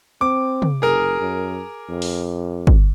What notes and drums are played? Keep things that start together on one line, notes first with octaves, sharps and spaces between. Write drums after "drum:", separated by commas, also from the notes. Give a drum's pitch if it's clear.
C4 D6
drum: tom
F#1 G#4 A#4
F#2
F2
drum: open hi-hat
drum: kick